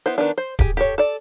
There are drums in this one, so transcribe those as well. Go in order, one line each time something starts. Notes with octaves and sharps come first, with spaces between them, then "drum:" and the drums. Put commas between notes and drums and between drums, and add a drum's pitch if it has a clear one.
B3 E4 C5
D#3 B3 D4
C5
G4 G#4, drum: kick D1
G4 A4 C#5
A4 D5